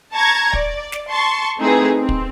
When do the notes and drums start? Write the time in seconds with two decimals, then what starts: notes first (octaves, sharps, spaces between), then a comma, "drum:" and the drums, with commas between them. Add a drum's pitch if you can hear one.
0.13 A5 A#5 C#6 G#6
0.53 D5, drum: kick
0.92 drum: snare
1.10 A5 C6 C#6
1.60 A3 C4 D#4 E4 G#4 B4
1.98 C4
2.09 drum: kick